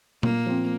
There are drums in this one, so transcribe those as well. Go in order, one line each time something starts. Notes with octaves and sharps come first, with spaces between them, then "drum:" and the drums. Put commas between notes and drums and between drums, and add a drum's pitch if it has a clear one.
A#2 A#3, drum: tom A#2
F3 C4